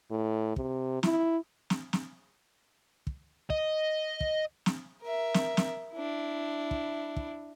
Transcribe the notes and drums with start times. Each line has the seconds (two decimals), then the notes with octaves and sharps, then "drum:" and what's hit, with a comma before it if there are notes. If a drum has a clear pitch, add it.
0.10 A2
0.56 C3, drum: kick
1.03 E4, drum: snare
1.70 drum: snare
1.93 drum: snare
3.07 drum: kick
3.50 D#5, drum: kick
4.21 drum: kick
4.66 drum: snare
5.01 A#4 E5
5.34 drum: snare
5.57 drum: snare
5.93 D4 E4
6.71 drum: kick
7.16 drum: kick